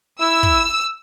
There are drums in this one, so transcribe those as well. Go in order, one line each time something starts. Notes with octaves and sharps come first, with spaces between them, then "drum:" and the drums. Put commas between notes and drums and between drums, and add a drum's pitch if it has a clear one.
E4 E6
drum: kick